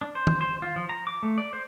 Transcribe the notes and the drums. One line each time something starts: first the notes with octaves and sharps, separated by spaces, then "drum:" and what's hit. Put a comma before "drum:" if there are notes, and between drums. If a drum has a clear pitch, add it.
D4
C5
drum: tom D#3
C5
F4
F3
A#5
D6
A3
D5
C5